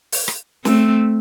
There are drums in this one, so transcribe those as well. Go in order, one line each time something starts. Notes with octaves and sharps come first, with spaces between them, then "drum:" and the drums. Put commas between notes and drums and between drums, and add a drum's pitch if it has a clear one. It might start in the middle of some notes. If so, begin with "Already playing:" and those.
drum: open hi-hat
drum: rim click
A3 C4, drum: snare